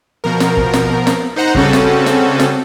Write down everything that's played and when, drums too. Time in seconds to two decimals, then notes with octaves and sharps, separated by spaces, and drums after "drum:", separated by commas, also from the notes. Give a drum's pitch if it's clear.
0.24 B2 F3 A#4
0.40 drum: snare
0.57 drum: kick
0.74 drum: snare
1.07 drum: snare
1.36 D#4 C5 F#5 A#5
1.55 C#3 G3 C4 C#4 F#4 A4, drum: kick
1.73 drum: snare
2.06 drum: snare
2.40 drum: snare